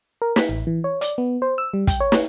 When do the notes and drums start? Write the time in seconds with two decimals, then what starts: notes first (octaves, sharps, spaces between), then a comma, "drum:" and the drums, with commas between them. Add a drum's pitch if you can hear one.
0.22 A#4
0.36 B6, drum: snare
0.49 A1
0.67 E3
0.84 C#5
1.01 D5, drum: hi-hat
1.18 B3
1.42 C5
1.58 E6
1.73 G3
1.87 G5, drum: kick, hi-hat
2.00 C#5
2.12 drum: snare